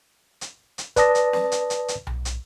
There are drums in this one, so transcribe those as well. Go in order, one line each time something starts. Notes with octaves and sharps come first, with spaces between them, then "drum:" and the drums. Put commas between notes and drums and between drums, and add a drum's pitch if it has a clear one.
drum: hi-hat
drum: hi-hat
B4 D5 A5 D#6 A#6, drum: kick, hi-hat
drum: hi-hat
drum: snare
drum: hi-hat
drum: hi-hat
drum: hi-hat
drum: tom B1
drum: hi-hat